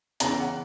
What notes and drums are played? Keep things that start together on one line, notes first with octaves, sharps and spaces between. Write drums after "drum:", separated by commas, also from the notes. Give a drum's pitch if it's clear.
E2 C#3 E3 A#5, drum: hi-hat
G5
F#5